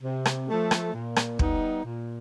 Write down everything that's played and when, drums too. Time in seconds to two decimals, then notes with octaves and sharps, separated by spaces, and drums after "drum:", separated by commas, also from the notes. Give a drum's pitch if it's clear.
0.03 C3
0.26 drum: rim click
0.49 F3 A3
0.71 drum: rim click
0.94 A#2
1.16 drum: rim click
1.39 G3 B3 D#4, drum: kick
1.85 A#2